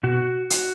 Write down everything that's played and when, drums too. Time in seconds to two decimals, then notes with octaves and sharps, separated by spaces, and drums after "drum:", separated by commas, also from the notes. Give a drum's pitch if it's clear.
0.03 B2 F#4
0.50 drum: hi-hat